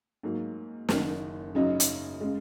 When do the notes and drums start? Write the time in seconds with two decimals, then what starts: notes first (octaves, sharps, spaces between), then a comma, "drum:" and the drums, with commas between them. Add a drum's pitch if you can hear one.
0.23 G#2 F#3 A#3
0.89 F#1 F#2 D#3, drum: snare
1.55 F#2 C#3 F#3 D#4
1.80 drum: hi-hat
2.21 C#3 G#3